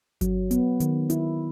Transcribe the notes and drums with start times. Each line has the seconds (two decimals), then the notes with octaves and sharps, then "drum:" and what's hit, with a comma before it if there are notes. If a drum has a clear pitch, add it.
0.21 F#3, drum: kick G1, hi-hat
0.51 B3, drum: hi-hat
0.80 D#3, drum: hi-hat
1.10 E4, drum: hi-hat